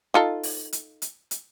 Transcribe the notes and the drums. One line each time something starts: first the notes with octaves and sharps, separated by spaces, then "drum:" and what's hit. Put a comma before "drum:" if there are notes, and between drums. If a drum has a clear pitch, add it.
D#4 F4 A4
drum: open hi-hat
drum: hi-hat
drum: hi-hat
drum: hi-hat